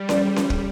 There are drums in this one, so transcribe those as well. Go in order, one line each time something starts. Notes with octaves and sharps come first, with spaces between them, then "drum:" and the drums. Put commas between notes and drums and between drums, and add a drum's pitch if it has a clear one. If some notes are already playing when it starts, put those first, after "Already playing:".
Already playing: G3
D5, drum: snare C#4
drum: snare C#4
drum: kick